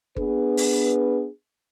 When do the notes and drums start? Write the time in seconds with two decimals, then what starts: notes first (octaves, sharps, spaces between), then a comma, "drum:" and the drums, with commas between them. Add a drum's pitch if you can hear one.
0.16 B3 D4 G#4 B4, drum: kick G1
0.57 drum: open hi-hat